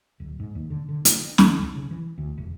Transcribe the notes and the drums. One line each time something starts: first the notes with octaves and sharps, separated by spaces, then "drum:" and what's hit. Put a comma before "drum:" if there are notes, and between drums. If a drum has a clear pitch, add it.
D1
G#2
D#2
D3
D3
D4, drum: hi-hat
D#2, drum: snare
C2
C#3
E3
D2
E1